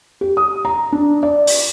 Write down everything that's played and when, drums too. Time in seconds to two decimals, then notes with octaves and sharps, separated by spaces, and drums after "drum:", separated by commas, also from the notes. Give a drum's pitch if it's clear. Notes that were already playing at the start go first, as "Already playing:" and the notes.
0.21 G4
0.37 D#6
0.65 A#5
0.92 D4
1.23 D5
1.47 drum: open hi-hat